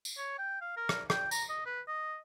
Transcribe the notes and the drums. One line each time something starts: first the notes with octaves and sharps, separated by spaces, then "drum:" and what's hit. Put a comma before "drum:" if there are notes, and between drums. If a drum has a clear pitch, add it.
drum: tambourine
C#5
G5
F5
A#4
drum: rim click
G5, drum: rim click
A#5, drum: tambourine
D#5
B4
D#5